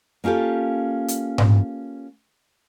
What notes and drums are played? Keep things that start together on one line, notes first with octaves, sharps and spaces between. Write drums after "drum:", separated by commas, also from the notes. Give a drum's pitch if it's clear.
A#3 C#4 F4 G4 A4
drum: hi-hat
drum: tom G#2